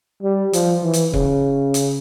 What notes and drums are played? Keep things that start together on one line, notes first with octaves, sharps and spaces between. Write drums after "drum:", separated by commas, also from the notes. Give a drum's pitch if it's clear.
G3
F3, drum: hi-hat
E3
drum: hi-hat
C#3, drum: kick C#1
drum: hi-hat